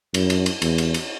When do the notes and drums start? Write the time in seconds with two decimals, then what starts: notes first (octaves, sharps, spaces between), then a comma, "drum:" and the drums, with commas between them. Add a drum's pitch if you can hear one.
0.14 F#2, drum: cymbal
0.30 drum: cymbal
0.46 drum: cymbal
0.62 E2, drum: cymbal
0.78 drum: cymbal
0.94 drum: cymbal